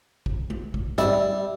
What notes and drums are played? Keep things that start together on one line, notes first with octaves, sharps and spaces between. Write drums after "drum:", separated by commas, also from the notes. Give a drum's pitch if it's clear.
drum: kick
drum: tom G#3
drum: kick
G3 E5, drum: hi-hat